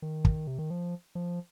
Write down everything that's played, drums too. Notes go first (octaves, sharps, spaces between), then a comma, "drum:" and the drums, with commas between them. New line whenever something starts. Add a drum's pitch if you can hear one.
D#3
drum: kick
C3
D#3
F3
F3